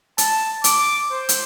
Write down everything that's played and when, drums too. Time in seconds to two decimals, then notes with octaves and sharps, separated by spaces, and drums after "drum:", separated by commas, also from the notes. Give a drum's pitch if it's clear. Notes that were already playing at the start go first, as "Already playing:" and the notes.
0.18 A5, drum: hi-hat
0.64 D6, drum: hi-hat
1.11 C5
1.29 drum: hi-hat